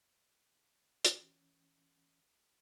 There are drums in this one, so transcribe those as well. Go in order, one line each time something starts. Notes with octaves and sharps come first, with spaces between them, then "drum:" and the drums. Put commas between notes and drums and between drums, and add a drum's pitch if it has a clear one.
E3 C#4, drum: hi-hat